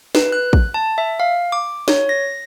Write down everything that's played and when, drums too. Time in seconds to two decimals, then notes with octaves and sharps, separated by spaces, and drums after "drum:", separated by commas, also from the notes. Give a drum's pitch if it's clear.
0.15 B4, drum: snare
0.32 F#6
0.53 drum: kick
0.74 A5
0.98 E5
1.20 F5
1.52 D6
1.88 C#5, drum: snare
2.09 A#6